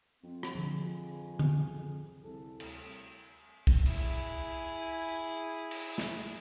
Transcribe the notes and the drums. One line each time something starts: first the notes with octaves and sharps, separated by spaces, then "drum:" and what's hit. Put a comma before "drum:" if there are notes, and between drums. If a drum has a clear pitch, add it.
F2 C4
drum: rim click
D3 F3 G#4
drum: tom D3
C2 A4
D2, drum: cymbal
drum: kick
E4 G#4, drum: cymbal
drum: cymbal
drum: snare